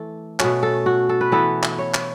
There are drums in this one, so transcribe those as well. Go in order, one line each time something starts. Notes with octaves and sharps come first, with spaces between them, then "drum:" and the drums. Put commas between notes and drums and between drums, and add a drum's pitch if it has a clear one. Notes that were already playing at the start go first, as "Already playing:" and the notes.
Already playing: E3 A3 A4
B2 A3 C#4 F#4, drum: clap
A4
F#4
A4
B4
E3 B3 E4 A4
drum: clap
C#5
drum: clap